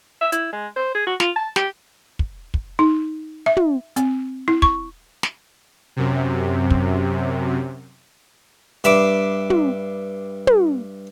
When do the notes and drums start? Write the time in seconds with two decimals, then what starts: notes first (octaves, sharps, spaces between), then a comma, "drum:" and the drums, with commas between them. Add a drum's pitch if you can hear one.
0.21 E5
0.32 E4, drum: hi-hat
0.53 G#3
0.76 C5
0.95 G#4
1.07 F#4
1.20 F4, drum: snare
1.36 A5
1.56 G4, drum: snare
2.19 drum: kick
2.54 drum: kick
2.79 D#4
3.46 E5
3.57 drum: tom
3.96 C4, drum: hi-hat
4.48 E4
4.62 C#6, drum: kick
5.23 drum: snare
5.96 F#2 C3
6.70 drum: kick
8.84 G2 E5 B5 D6, drum: hi-hat
9.50 drum: tom
10.47 drum: tom